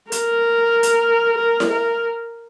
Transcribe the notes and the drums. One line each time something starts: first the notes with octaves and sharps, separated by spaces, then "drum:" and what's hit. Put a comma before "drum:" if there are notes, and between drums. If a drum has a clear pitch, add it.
A#4, drum: hi-hat
drum: hi-hat
A#4
drum: snare E4
A#4